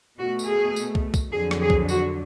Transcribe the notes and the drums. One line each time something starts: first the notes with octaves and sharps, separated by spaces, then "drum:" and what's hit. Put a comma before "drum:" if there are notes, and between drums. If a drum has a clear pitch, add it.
B2 A3 F#4
drum: tambourine
G#4
drum: tambourine
drum: kick
drum: kick, tambourine
F2 D3 F#3 G#4
drum: rim click
G#4
drum: kick
F#4, drum: tambourine